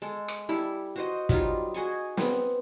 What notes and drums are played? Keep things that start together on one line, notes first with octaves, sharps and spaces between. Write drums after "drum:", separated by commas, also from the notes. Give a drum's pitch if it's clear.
G#3 A4
drum: rim click
G3 E4 A4
F#4 C5 D#5
F#3 G3 D#4 F4, drum: kick
F#4 G#4 D#5 C#6
B3 C4, drum: snare